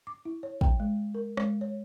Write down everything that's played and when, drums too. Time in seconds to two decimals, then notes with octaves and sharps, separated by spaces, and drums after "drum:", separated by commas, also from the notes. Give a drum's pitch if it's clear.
0.07 D6
0.25 E4
0.43 C#5
0.61 G5, drum: kick
0.80 G#3
1.15 A#4
1.37 G#3, drum: rim click
1.61 C#5